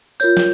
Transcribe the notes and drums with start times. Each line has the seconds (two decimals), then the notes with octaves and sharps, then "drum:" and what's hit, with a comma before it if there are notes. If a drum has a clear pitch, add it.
0.20 F4 A#4 C#5 G6, drum: tambourine
0.37 drum: snare